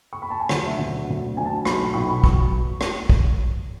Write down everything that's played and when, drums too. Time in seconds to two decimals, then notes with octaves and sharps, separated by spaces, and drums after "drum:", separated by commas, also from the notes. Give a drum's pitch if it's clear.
0.13 C#6
0.22 B5
0.30 A5
0.40 G#5
0.49 D2 D3 F#3 F#5, drum: rim click
0.65 E5
0.78 D2 D3 F#3 F#5
1.07 D2 D3 F#3
1.37 D2 D3 F#3 G#5
1.46 A5
1.65 B1 B2 F#3 B5, drum: rim click
1.85 B5
1.94 B1 B2 F#3 C#6
2.08 B5
2.24 B2 F#3 C#6, drum: kick
2.81 drum: rim click
3.09 drum: kick